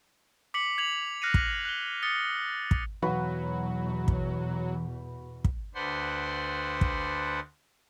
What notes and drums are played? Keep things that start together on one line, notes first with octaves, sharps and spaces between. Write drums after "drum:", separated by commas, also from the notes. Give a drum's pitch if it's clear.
D6 B6 C#7 F#7
G#6 F7 F#7
F6 F#6 A#6 C7 C#7 D#7
drum: kick
F#6 G7
D#6 A6 C#7 G7
drum: kick
E2 B2 E3 F#3 F#4 B4
drum: kick
drum: kick
D2 D4 B4 C5 F#5 C6
drum: kick